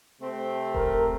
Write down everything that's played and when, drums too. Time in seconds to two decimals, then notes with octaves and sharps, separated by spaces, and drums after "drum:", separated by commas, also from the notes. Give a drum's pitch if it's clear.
0.20 C3 A3 C4
0.74 A#4, drum: kick D#1